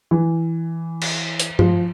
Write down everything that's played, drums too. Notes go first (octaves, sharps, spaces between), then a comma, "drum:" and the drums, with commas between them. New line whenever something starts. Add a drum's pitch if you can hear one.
E3
drum: cymbal
drum: hi-hat
F3, drum: tom G2